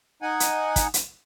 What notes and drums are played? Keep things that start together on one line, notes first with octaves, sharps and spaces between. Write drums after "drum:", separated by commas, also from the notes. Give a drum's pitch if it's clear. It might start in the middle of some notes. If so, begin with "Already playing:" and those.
D#4 F#5 G#5
drum: hi-hat
drum: kick, hi-hat
drum: hi-hat